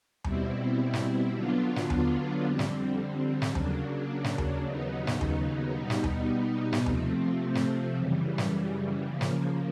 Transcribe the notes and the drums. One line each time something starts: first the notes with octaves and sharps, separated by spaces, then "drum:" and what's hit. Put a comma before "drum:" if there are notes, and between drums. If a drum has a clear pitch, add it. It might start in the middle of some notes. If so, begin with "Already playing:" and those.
B2 G3 C4 E4, drum: tom D#2
drum: snare
D3 F#3 B3 D4 F4
drum: snare
drum: tom D#2
F2 D3 G3 C4
drum: snare
drum: snare
C#3 F#3 A#3 D4, drum: tom D#2
drum: snare
drum: tom D#2
D#2 C#3 F#3 B3 D#4
drum: snare
drum: tom D#2
B2 G3 B3 D#4
drum: snare
drum: tom D#2
drum: snare
C3 F3 A3 C4, drum: tom D#2
drum: snare
F#2 C#3 E3 G3
drum: snare
C#3 F3 A#3
drum: snare